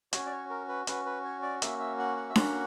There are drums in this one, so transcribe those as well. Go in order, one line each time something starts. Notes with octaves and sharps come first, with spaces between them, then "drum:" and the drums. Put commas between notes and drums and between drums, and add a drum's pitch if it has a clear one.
C#4 F#4 C#5, drum: hi-hat
D5
C#5
A#4
B4
C#4 F#4 B4, drum: hi-hat
B4
C#5
D5
A#3 C#4 F#4 E5, drum: hi-hat
E5
F#5
F#5
E5
A#3 C#4 F#4 F#5, drum: snare D4